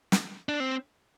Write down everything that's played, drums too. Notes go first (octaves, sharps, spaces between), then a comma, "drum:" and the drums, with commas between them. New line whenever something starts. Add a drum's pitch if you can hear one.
drum: snare
D4
C4